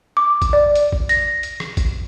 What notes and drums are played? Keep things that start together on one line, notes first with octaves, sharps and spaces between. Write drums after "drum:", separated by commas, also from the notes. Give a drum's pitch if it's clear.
D6
drum: kick A1, hi-hat
D5
drum: hi-hat
drum: kick A1
A#6, drum: hi-hat
drum: hi-hat
drum: rim click
drum: kick A1, hi-hat